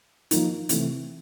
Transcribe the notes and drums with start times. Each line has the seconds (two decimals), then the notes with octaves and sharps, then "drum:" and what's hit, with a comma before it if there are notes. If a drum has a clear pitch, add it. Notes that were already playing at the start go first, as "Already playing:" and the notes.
0.31 F3 A#3 D#4, drum: hi-hat
0.69 C3 E3 A3, drum: hi-hat